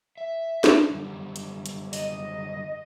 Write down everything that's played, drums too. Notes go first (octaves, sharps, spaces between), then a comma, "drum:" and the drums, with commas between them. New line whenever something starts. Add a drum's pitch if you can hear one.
E5
drum: snare
F#2 D3 G3
drum: hi-hat
drum: hi-hat
D#5, drum: open hi-hat